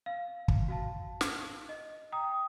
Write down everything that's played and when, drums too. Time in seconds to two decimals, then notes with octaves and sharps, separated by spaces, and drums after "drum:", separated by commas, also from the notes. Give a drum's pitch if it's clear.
0.06 F5
0.48 drum: kick
0.68 F#4 F5 A5
1.21 drum: snare
1.69 D#5
2.12 G5 A#5 D#6